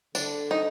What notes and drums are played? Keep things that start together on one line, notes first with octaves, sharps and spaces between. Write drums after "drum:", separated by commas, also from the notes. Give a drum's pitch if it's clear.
D3 D4, drum: tambourine
D#4